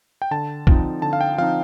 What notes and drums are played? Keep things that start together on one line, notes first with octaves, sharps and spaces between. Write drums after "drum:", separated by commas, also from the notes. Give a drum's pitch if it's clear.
G5
D3 A5
F3 C4 D#4, drum: kick
D3 A5
F5
G5
F3 C4 D#4 F5